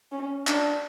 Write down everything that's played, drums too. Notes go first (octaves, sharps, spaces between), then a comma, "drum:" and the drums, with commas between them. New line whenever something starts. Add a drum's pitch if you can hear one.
C#4
D4, drum: clap